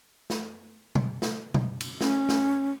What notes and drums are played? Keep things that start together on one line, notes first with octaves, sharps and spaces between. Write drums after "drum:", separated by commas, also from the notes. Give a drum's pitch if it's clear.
drum: snare
drum: tom B2
drum: snare
drum: tom B2
drum: cymbal
C#4, drum: snare
drum: snare